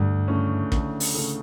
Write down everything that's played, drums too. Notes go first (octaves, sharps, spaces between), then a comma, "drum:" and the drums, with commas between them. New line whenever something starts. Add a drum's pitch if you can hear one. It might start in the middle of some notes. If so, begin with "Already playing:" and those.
Already playing: D2 G2
C#3 E3 A3 C#4
D2, drum: kick
drum: open hi-hat
C#3 E3 A3 C#4